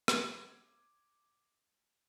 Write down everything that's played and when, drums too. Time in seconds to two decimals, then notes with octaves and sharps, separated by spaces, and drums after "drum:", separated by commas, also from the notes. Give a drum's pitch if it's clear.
0.08 D6 G#6 D7, drum: rim click